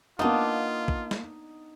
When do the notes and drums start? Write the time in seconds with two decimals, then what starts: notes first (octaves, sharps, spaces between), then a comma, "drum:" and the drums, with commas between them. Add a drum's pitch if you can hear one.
0.19 A#3 B3 D4 D#4 F4 D#6
0.88 drum: kick
1.11 drum: snare